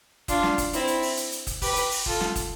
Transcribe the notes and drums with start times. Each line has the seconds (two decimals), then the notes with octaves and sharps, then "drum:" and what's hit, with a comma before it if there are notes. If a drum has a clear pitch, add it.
0.28 D4 F4, drum: kick, hi-hat
0.43 drum: snare
0.58 drum: kick, hi-hat
0.73 C4 E4, drum: hi-hat
0.88 drum: hi-hat
1.02 drum: open hi-hat
1.17 drum: hi-hat
1.32 drum: hi-hat
1.47 drum: kick, hi-hat
1.62 G4 B4, drum: kick, open hi-hat
1.76 drum: hi-hat
1.91 drum: open hi-hat
2.06 F4 A4, drum: kick
2.21 drum: snare
2.36 drum: kick, hi-hat